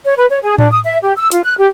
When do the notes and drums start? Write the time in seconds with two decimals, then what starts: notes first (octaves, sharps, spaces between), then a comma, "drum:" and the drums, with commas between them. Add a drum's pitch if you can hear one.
0.05 C#5
0.18 B4
0.30 C#5
0.43 G#4
0.58 D4, drum: tom A2
0.72 D#6
0.84 E5
1.03 G4
1.17 E6
1.31 F4, drum: hi-hat
1.43 F#6
1.58 G4